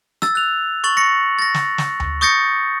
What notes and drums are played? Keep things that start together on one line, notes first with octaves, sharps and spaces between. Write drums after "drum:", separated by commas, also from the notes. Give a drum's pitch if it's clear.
E6 A6, drum: rim click
F#6 F7
C#6 A6 F#7
C#6 A#6 C#7
A6 A#6
drum: snare
drum: snare
drum: tom D2
C#6 D#6 G6 A6 A#6 C#7